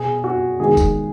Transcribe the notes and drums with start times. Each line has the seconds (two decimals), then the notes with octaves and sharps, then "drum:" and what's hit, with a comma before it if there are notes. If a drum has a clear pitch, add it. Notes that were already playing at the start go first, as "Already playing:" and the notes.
Already playing: B2 B3 G#4
0.24 F#4
0.60 D#3 G#3 B3 G#4
0.77 drum: kick F1, tambourine